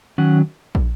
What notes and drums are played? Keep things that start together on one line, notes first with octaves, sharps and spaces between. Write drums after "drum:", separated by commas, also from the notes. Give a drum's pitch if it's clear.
D#3 F#3 C#4 F#5
drum: kick